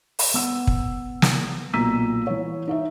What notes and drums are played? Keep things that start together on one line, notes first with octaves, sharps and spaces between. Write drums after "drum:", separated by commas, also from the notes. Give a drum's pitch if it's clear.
drum: open hi-hat
B3 E6
drum: kick
drum: snare
B1 A#2 A#5 E6 B6 D#7
E3 C#5
D#4 C#5 E5